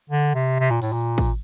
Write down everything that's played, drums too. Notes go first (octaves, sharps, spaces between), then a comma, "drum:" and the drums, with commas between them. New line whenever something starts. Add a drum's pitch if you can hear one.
D3
C3
C3
A#2
A2, drum: open hi-hat
A#2
drum: kick, open hi-hat